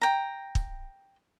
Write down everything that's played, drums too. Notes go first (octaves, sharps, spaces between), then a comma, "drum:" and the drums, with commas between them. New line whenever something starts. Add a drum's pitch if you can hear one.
G5 A#5
drum: kick